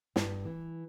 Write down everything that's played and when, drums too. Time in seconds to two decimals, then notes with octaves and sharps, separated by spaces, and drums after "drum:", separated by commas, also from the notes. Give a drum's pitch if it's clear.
0.16 G2, drum: snare
0.45 E3